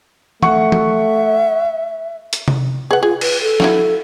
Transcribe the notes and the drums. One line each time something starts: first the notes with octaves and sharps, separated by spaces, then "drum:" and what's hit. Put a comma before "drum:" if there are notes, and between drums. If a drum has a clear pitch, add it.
A3 E5 F#5 C#6, drum: tom E3
drum: tom E3
drum: hi-hat
drum: tom C3
G#4 B4 F#5
F4 G#4
B4, drum: cymbal
A4
E4 F#4 F5, drum: snare